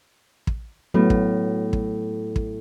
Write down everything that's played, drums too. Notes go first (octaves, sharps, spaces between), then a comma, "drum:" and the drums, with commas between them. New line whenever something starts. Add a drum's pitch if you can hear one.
drum: kick
A2 F#3 B3
drum: kick
drum: kick
drum: kick